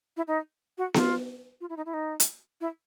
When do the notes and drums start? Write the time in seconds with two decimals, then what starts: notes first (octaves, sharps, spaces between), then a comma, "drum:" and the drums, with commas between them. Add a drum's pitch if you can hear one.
0.17 E4
0.28 D#4
0.78 F#4
0.94 F4, drum: snare B3
1.61 F4
1.69 E4
1.77 D#4
1.86 E4
1.94 D#4
2.20 drum: hi-hat
2.61 E4